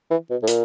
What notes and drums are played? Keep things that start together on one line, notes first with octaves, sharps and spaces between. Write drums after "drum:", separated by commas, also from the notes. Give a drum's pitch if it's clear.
E3
B2
A2
A#2, drum: hi-hat